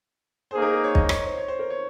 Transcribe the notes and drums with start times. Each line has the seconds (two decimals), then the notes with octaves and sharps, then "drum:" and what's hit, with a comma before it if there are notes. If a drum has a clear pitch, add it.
0.51 A#3 D#4 G#4 C5
0.62 A#4
0.73 A#4
0.84 C#5
0.95 D#5, drum: kick
1.09 C#5, drum: rim click
1.23 C5
1.38 C#5
1.48 C5
1.59 A#4
1.70 C#5